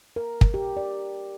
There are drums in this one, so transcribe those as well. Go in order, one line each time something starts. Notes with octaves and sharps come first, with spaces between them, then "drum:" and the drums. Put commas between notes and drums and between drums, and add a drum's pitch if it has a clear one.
A#4
drum: kick
G4
D5